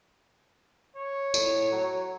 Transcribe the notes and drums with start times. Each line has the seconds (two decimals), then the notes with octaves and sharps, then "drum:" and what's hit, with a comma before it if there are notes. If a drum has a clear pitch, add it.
0.96 C#5
1.34 A2, drum: tambourine
1.72 F#3